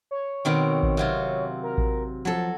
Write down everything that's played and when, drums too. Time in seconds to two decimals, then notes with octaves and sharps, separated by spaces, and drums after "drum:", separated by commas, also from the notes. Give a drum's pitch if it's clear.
0.11 C#5
0.45 B2 D#3 C4
0.83 drum: kick A1
0.97 C3 F#3 F4
1.63 A#4
1.78 drum: kick A1
2.25 F3 F#3 A4